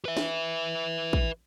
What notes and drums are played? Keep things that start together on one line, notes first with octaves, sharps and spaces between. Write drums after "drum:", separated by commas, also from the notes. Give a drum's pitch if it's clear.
B4 E5
drum: snare
drum: kick